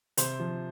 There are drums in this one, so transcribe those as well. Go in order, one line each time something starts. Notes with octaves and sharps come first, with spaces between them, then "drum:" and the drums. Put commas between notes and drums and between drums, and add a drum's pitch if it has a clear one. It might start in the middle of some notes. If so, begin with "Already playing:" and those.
C3 C5, drum: hi-hat
F3